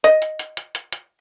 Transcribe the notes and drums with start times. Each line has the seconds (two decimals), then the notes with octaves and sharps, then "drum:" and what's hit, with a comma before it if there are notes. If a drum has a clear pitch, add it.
0.04 D#5, drum: hi-hat
0.22 drum: hi-hat
0.39 drum: hi-hat
0.57 drum: hi-hat
0.75 drum: hi-hat
0.93 drum: hi-hat